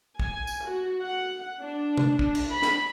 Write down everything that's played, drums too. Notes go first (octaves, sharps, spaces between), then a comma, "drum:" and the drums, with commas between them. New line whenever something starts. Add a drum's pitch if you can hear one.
G#5, drum: kick
drum: tambourine
F#4
F#5
D4
drum: tom C3
D4, drum: kick
drum: cymbal
B5
drum: snare